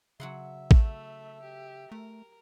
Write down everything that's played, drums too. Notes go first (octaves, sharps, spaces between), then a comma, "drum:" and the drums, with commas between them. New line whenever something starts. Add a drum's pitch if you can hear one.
C#3 F#3 E5 F#5 C6
A3, drum: kick A1
G4
A3 A#4